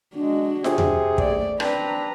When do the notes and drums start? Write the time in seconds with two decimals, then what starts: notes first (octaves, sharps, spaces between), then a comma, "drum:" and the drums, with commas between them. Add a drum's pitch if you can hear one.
0.16 G#3 D4 F#4
0.64 C3 G#4, drum: snare F4
0.78 drum: tom E2
1.18 A3 D5, drum: kick
1.60 C4 D4 B4 A#5, drum: rim click